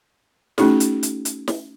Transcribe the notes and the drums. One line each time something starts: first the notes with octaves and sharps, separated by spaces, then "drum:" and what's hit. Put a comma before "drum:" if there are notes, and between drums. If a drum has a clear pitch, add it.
A3 C#4 D#4 F#4 G#4, drum: snare
drum: hi-hat
drum: hi-hat
drum: hi-hat
drum: snare